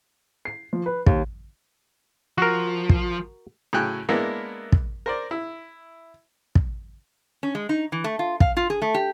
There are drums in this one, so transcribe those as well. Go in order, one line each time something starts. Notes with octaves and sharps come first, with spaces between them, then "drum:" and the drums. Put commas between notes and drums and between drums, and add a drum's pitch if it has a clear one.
C7
F3
B4
D#2, drum: kick
F3 F#4 A#4
drum: kick
A2 C#3 F#3 G5 G#5 F#6
G#3 A#3 B3 D4 E4 A#4
drum: kick
A#4 C5 D5
E4
drum: kick
C#4
G#3
D#4
E3
A3
F4
F5, drum: kick
F4
G#4
A3
G4